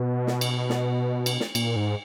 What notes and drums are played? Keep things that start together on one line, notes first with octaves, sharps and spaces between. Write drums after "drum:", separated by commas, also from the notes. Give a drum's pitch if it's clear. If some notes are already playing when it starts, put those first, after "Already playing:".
Already playing: B2
drum: snare
drum: cymbal
drum: snare
drum: cymbal
drum: snare
A#2, drum: cymbal
G#2